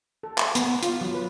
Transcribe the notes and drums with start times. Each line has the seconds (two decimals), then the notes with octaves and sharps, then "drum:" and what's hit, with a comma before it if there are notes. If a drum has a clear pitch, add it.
0.23 A4
0.38 drum: clap
0.55 B3, drum: hi-hat
0.83 F4, drum: hi-hat
1.01 F#3
1.14 B4